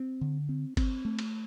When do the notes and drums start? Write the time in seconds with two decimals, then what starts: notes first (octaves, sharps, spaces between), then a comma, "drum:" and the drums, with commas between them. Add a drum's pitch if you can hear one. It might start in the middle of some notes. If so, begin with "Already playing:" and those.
Already playing: C4
0.21 D3
0.49 C4
0.77 C4, drum: kick G1, cymbal
1.05 A3
1.19 drum: cymbal